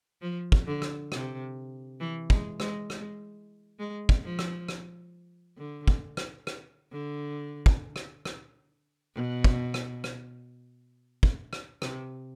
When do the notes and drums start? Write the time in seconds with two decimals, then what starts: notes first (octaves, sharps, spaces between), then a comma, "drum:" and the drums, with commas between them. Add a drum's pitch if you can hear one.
0.22 F3
0.52 drum: kick
0.67 D3
0.82 drum: rim click
1.12 C3, drum: rim click
2.00 E3
2.30 G#3, drum: kick
2.60 G#3, drum: rim click
2.90 G#3, drum: rim click
3.79 G#3
4.09 drum: kick
4.24 F3
4.39 drum: rim click
4.69 drum: rim click
5.58 D3
5.88 drum: kick
6.17 drum: rim click
6.47 drum: rim click
6.92 D3
7.66 drum: kick
7.96 drum: rim click
8.25 drum: rim click
9.15 B2
9.44 drum: kick
9.74 drum: rim click
10.04 drum: rim click
11.23 drum: kick
11.53 drum: rim click
11.82 C3, drum: rim click